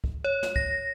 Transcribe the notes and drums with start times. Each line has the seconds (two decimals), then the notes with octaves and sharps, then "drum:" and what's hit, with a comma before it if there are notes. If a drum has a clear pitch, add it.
0.04 drum: kick
0.24 C#5
0.43 drum: snare
0.56 A#6, drum: kick